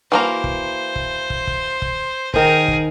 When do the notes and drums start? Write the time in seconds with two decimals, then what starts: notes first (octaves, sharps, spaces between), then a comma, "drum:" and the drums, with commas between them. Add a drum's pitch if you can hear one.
0.12 E3 A#3 F#4 C5 A#5
0.44 drum: kick
0.96 drum: kick
1.30 drum: kick
1.47 drum: kick
1.82 drum: kick
2.34 D#3 G#4 A#4 C5, drum: kick
2.68 drum: kick